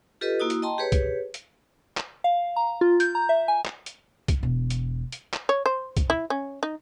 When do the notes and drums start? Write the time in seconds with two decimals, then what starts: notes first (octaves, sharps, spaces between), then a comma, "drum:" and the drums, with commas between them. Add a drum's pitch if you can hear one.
0.21 F4 G4 A4 B4 D#5
0.40 A#3 E4 F#4 D#6
0.50 drum: hi-hat
0.62 D#5 G5 A5 A#5 C6
0.78 G4 G#4 B4 C#5
0.92 drum: kick, hi-hat
1.34 drum: hi-hat
1.97 drum: clap
2.24 F5
2.56 A#5
2.81 F4
3.00 G6, drum: hi-hat
3.15 A#5
3.29 E5
3.48 G#5
3.65 drum: clap
3.86 drum: hi-hat
4.28 drum: kick, hi-hat
4.43 E1
4.70 drum: hi-hat
5.12 drum: hi-hat
5.33 drum: clap
5.49 C#5
5.66 C5
5.97 drum: kick, hi-hat
6.10 E4
6.30 C#4
6.63 D#4